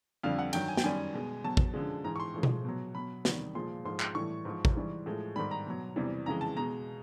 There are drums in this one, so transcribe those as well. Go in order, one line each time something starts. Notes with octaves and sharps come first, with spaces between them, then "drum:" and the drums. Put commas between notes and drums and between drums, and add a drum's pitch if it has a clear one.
F2 D3 G3 F5
F#5
G2 D#3 F#3 G5, drum: cymbal
G#5
G5, drum: snare
F#2 D#3 G3 G#5
B2 G#3
B2 F#3 A5
drum: kick
F#2 D3 F3 G#3
G#2 E3 G#3 A#5
C#6
C6
A2 F3 G#3
drum: tom B2
B2 F#3
B2 F#3 B5
E2 C3 D#3 G3, drum: snare
A#2 F3 G#3 C6
G#2 F3 G#3 C6
C6, drum: clap
A2 E3 G3 C#6
G#2 F3 G#3
drum: kick
G#2 E3 G3
A2 F3 G#3
G#2 D#3 G3 B5
A#5
B2 F#3
E2 C3 E3 G3
F2 C#3 E3 G#3 A#5
A5
B2 G#3 A#5